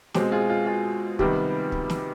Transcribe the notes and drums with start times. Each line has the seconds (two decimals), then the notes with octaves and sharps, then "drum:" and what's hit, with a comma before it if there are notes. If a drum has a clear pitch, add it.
0.14 B2 G#3 C4 G4, drum: snare
0.32 F4 G#4
0.50 F4
0.66 F4 G#4
1.19 C3 D#3 G3 B3 G4, drum: kick
1.72 drum: kick
1.90 drum: snare